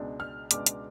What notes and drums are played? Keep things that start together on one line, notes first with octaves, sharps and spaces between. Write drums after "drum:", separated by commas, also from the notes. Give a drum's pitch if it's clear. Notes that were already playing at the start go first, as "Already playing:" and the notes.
Already playing: C#2 B2 G#3 D4
F6
C#2 B2 G#3 B3 D4 D6, drum: hi-hat
drum: hi-hat